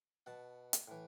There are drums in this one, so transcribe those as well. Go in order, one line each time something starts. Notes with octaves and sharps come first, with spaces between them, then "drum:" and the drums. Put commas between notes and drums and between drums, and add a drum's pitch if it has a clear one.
B2 F#5 A5
drum: hi-hat
A2 E3